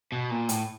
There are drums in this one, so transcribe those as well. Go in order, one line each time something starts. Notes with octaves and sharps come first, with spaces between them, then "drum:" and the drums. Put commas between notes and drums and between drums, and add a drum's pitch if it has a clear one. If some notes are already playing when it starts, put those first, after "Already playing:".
B2
A#2
A2, drum: hi-hat